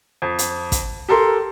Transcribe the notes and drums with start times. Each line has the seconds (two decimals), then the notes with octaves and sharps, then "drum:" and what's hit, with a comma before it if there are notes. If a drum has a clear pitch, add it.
0.22 F2
0.39 drum: hi-hat
0.72 drum: kick, hi-hat
1.09 G4 A4 A#4 C6